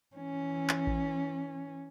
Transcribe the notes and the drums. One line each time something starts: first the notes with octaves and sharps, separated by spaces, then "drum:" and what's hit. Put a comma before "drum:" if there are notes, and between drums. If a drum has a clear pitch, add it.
E3 C#4
drum: clap
drum: kick A1